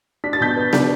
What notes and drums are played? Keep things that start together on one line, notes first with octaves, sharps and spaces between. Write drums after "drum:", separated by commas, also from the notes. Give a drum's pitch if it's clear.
D4 B6
A6
B2 G6 B6
B3
D4, drum: snare B3